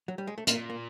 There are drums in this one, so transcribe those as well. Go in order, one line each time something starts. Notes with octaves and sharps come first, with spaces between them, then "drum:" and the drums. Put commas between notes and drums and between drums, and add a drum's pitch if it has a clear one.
F#3
G3
G#3
A3
A#2 A#3, drum: hi-hat
A#3